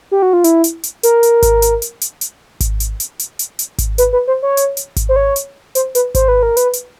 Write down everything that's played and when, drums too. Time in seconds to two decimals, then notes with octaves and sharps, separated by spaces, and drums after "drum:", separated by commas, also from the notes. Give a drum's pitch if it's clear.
0.11 G4
0.22 F#4
0.33 F4
0.44 E4, drum: hi-hat
0.64 drum: hi-hat
0.83 drum: hi-hat
1.03 A#4, drum: hi-hat
1.23 drum: hi-hat
1.42 drum: kick G#1, hi-hat
1.62 drum: hi-hat
1.82 drum: hi-hat
2.01 drum: hi-hat
2.21 drum: hi-hat
2.60 drum: kick G#1, hi-hat
2.80 drum: hi-hat
3.00 drum: hi-hat
3.19 drum: hi-hat
3.39 drum: hi-hat
3.59 drum: hi-hat
3.78 drum: kick G#1, hi-hat
3.98 B4, drum: hi-hat
4.13 B4
4.27 C5
4.43 C#5
4.57 drum: hi-hat
4.77 drum: hi-hat
4.96 drum: kick G#1, hi-hat
5.09 C5
5.16 C#5
5.36 drum: hi-hat
5.75 C5, drum: hi-hat
5.95 B4, drum: hi-hat
6.15 C5, drum: kick G#1, hi-hat
6.28 B4
6.43 A#4
6.57 B4, drum: hi-hat
6.73 drum: hi-hat